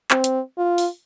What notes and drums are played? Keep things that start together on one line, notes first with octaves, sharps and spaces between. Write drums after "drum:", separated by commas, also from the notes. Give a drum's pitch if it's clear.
C4, drum: clap
drum: hi-hat
F4
drum: open hi-hat